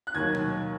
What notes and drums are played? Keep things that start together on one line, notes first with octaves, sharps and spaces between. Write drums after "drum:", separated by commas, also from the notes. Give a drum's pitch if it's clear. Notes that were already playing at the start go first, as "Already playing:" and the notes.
F#6
D#2 D#3 F#3 G#6
drum: tom B2